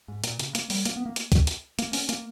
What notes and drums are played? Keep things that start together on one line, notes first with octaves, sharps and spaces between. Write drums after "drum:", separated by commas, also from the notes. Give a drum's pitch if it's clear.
G#2
A#2, drum: hi-hat
C#3, drum: hi-hat
A#3, drum: hi-hat
G3, drum: open hi-hat
A#3, drum: hi-hat
B3
A#3
drum: hi-hat
drum: kick, hi-hat
drum: hi-hat
A#3, drum: hi-hat
C#4, drum: open hi-hat
A#3, drum: hi-hat